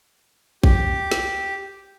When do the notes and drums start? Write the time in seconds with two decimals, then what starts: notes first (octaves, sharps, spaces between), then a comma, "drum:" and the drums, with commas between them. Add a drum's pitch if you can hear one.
0.63 G4, drum: kick
1.11 drum: snare